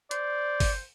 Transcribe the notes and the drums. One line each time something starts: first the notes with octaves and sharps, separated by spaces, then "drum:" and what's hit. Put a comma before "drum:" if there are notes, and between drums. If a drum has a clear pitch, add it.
C5 D5, drum: hi-hat
drum: kick, open hi-hat